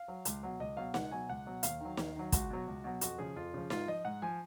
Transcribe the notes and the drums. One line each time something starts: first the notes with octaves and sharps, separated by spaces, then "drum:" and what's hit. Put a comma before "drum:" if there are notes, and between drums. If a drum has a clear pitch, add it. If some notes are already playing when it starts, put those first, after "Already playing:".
Already playing: F5
F#3
C#2, drum: hi-hat
B2 F#3
C#2 D#5
B2 F#3 F5
C#2 F#5, drum: snare
B2 F#3 G#5
C#2 F#5
B2 F#3
D#2 F5, drum: hi-hat
D#3 F#3
D#2, drum: snare
D#3 F#3
C#2 F#4, drum: kick, hi-hat
B2 F#3
C#2
B2 F#3
F2 F#4, drum: hi-hat
C#3 F3 G#4
F2 F4
C#3 F3
G#2 F4, drum: snare
F3 D#5
G#2 F#5
F3 G#5